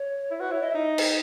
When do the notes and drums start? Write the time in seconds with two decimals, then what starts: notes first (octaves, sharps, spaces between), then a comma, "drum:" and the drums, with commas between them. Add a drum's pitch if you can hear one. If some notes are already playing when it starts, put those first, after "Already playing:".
Already playing: C#5
0.31 E4
0.39 F#4 B4
0.50 E4 C#5
0.62 E4 D#5
0.70 E5
0.74 D#4 D#5
0.98 drum: cymbal